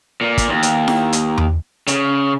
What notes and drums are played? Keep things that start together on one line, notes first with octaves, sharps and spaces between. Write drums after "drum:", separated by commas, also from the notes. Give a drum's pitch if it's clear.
A#2
drum: kick, hi-hat
D#2
drum: hi-hat
drum: snare E4
drum: hi-hat
drum: tom E2
C#3, drum: hi-hat